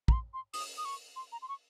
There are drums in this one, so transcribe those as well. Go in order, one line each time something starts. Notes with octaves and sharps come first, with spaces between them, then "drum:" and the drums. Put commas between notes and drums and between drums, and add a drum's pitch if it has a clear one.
A#5, drum: kick
C6
C6
D#6, drum: open hi-hat
D#6
C#6
C6
A#5
C6
C#6